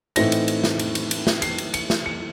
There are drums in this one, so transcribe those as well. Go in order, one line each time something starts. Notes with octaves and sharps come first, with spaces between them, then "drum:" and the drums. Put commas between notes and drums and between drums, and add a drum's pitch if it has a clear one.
A2 E3 A3 C4 D#4 A#6, drum: cymbal
drum: cymbal
drum: cymbal
drum: snare
drum: cymbal
drum: cymbal
drum: cymbal
drum: snare
C7, drum: cymbal
drum: cymbal
C#7, drum: cymbal
drum: snare
C#7